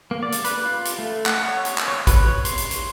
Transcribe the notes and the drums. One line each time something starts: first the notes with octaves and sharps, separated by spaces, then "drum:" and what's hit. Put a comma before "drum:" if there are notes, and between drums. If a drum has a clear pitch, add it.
A#3
D5
drum: hi-hat
B4, drum: hi-hat
F4
drum: hi-hat
A3
F#5, drum: clap
C#5
drum: hi-hat
drum: clap
C#5
B4, drum: kick, hi-hat
C#5
C6, drum: hi-hat
drum: hi-hat
drum: hi-hat